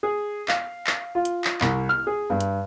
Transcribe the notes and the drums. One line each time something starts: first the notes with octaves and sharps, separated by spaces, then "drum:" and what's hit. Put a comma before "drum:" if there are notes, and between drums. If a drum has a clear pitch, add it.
G#4
F5, drum: clap
drum: clap
F4
drum: hi-hat
drum: clap
C2, drum: clap
F6
G#4
G2
drum: hi-hat